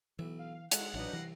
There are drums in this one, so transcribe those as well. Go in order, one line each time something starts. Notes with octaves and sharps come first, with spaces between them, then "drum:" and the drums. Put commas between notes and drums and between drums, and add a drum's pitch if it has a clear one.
B1 E3 E5
F5
G#3 D#4 F#4 A4 F#5, drum: hi-hat
A1 F#3 D4 D#4 B4
C2 E3 A#6 C7